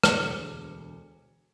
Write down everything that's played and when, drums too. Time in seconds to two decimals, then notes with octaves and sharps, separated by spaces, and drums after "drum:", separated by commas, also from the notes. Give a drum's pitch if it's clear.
0.04 E1 D2 G#4 C5 D6 C#7, drum: rim click